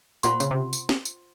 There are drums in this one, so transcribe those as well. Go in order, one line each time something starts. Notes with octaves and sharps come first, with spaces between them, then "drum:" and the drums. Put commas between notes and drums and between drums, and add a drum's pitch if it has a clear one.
A#2 F4 C5 F#5 C6, drum: tambourine
C#3, drum: tambourine
C3
drum: tambourine
drum: snare
drum: tambourine